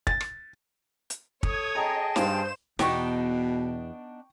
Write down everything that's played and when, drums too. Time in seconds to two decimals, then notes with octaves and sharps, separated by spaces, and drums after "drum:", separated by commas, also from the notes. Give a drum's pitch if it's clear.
0.07 A6, drum: kick
0.21 drum: rim click
1.10 drum: hi-hat
1.43 A4 C#5 D#6 G#6, drum: kick
1.75 G#4 D#5 G5 A5 A#5
2.16 G2 C5 F5 E7, drum: snare
2.79 E2 B2 B3 D4 D#4 G5 C#6, drum: snare